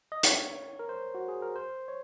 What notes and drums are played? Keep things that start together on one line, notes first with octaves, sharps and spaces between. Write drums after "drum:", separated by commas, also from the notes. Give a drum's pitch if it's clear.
D#5
C#5, drum: hi-hat
A#4
C5
F#4
G#4
A#4
C5
C#5